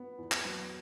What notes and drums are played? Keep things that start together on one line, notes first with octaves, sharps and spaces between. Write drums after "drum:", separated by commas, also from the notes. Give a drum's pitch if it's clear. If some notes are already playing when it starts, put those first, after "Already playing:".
Already playing: B3
E2
drum: clap
F#3